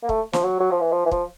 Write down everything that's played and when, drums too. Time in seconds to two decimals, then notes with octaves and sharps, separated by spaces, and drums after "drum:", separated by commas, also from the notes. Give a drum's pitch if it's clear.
0.03 A#3
0.09 A3, drum: kick
0.33 F3, drum: snare
0.43 F#3
0.60 F#3
0.71 F3
0.81 E3
0.92 F3
1.05 E3
1.11 F3, drum: kick